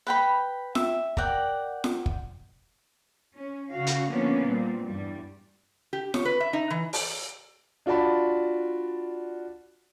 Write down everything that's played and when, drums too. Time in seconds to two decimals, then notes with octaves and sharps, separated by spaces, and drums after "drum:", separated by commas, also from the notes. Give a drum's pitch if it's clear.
0.07 B4 G5 B5
0.75 E5, drum: snare F4
1.17 A#4 D5 F#5 G5, drum: kick
1.84 drum: snare F4
2.06 drum: kick
3.35 C#4
3.72 C#3 F#4 F5
3.87 drum: hi-hat
4.07 D3 F3 A#3 B3 C#4 D4
4.46 A#2 G3 C4
4.85 E2 G2 G3
5.93 G4
6.14 C#5, drum: snare F4
6.25 B4
6.40 E5
6.53 D#4
6.70 E3
6.93 drum: open hi-hat
7.86 D4 F4 F#4 D5 A5 B5